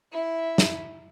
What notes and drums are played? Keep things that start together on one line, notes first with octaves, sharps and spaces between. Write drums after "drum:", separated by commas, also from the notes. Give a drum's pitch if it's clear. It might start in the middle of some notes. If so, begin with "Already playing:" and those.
E4 E5
drum: snare